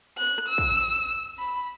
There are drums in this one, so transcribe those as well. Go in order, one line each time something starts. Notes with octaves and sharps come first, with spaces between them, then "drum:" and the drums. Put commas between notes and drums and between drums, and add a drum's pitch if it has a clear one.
F#6
drum: rim click
E6
drum: kick
B5